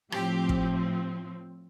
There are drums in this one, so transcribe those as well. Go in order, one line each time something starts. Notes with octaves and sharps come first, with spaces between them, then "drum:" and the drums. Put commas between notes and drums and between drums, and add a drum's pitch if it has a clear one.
A2 F3 C4 G4, drum: rim click
drum: kick